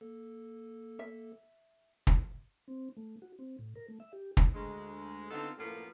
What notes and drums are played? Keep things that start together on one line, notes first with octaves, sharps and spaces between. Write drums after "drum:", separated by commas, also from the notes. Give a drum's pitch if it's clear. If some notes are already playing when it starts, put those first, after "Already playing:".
A#3 A4
E5
drum: kick
C4
A3
F#4
C4
A2
A#4
A3
E5
G4
drum: kick
D2 G#3
D3 B3 C4 D#4 F4 A4
F#2 A2 F3 A#3 B3 F4